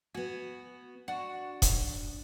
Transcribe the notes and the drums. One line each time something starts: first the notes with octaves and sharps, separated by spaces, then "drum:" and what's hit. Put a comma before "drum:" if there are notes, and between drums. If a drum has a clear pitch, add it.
B3 F#4 G#5
D4 F#4
drum: kick E1, hi-hat